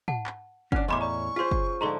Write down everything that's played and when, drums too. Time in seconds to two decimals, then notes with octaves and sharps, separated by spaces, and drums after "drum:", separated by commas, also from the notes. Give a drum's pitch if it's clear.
0.08 F#5 A5, drum: tom
0.26 drum: clap
0.72 C#4 D4 F#5 F#6, drum: kick
0.88 E2 A2 C#4 D#5 B5 C6 D6
1.01 D5 A#5 C#6
1.36 F4 G#4 C5 C6 B6
1.51 drum: kick
1.81 G#2 D3 F3 A#5 C6 G7